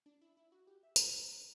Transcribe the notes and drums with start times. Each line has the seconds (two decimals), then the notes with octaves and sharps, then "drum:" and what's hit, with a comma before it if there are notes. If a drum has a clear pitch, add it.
0.06 D4
0.21 E4
0.37 E4
0.52 F#4
0.67 G4
0.83 E5
0.96 drum: tambourine